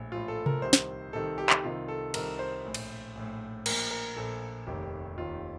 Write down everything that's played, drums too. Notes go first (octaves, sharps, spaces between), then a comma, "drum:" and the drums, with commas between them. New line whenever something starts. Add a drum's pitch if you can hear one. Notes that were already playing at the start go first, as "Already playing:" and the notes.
Already playing: A#1 A2
A#1 A2 F4
A4
A#4, drum: tom C3
C2 C3 D#3 C5
drum: snare
C2 C3 D#3 A4
G4
drum: clap
C2 C3 D#3 F4
A4
C2 C3 D#3 A#4, drum: cymbal
C5
A#1 A2
drum: cymbal
A#1 A2
A#1 A#2 A#4, drum: cymbal
A#4
A#1 A#2 A4
F1 D#2 D#3 G4
F1 D#2 D#3 F4